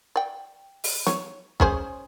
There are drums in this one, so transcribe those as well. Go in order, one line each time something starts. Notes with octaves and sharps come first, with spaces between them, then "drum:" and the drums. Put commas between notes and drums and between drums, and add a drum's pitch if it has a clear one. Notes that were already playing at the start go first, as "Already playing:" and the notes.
D5 G5
drum: open hi-hat
C#5, drum: snare
C#4 G#4 C5, drum: kick